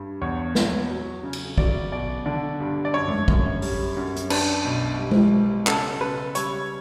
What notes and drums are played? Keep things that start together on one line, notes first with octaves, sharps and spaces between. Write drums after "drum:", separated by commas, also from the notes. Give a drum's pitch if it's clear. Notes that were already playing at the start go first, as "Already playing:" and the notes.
Already playing: G2
E2 C#5
E2, drum: snare
F#3
C#3
drum: cymbal
F#3 D5, drum: kick
B2 D5
D3 D5
G2
D5
F#2 C#5
drum: tom G2
F#2, drum: kick
G3, drum: open hi-hat
F#2
drum: hi-hat
D4 B4, drum: cymbal
B1
G3
drum: tom G#3
G3
C#3 A4, drum: clap
C#3 B4
G3 C#5, drum: hi-hat